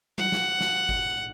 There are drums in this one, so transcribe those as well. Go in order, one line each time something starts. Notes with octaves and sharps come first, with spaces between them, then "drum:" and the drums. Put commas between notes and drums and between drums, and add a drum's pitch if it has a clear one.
F#5, drum: tom F#3
drum: snare
drum: snare
drum: kick G1